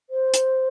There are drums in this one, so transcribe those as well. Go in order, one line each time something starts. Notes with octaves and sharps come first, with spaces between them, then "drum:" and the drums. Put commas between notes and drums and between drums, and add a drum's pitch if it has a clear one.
C5
drum: hi-hat